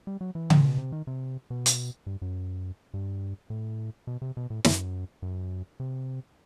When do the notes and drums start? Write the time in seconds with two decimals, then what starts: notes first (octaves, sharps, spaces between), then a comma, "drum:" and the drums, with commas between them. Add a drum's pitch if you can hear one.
0.07 G3
0.21 F#3
0.35 E3
0.50 A2, drum: tom C#3
0.65 B2
0.78 C3
0.92 D#3
1.07 C3
1.50 B2
1.66 drum: hi-hat
2.06 G2
2.22 F#2
2.94 G2
3.50 A2
4.07 B2
4.22 C3
4.37 B2
4.50 A2
4.65 F#2, drum: snare
5.22 F#2
5.80 C3